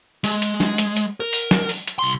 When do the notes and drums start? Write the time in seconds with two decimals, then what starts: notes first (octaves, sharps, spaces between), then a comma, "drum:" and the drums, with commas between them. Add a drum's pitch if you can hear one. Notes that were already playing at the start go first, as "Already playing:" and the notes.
0.24 G#3, drum: open hi-hat
0.42 drum: hi-hat
0.60 drum: snare
0.78 drum: hi-hat
0.97 drum: hi-hat
1.20 A#4
1.33 drum: open hi-hat
1.51 drum: snare
1.69 drum: open hi-hat
1.87 drum: hi-hat
1.99 C2 C6